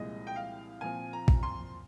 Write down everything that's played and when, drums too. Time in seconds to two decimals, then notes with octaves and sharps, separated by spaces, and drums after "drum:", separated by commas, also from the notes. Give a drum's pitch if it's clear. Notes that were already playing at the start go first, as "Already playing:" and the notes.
Already playing: C2 A#2 F3 G#3 D#5
0.27 G5
0.36 F5
0.81 A#2 F3 C4 G#5
1.13 A#5
1.28 drum: kick A#1
1.43 C6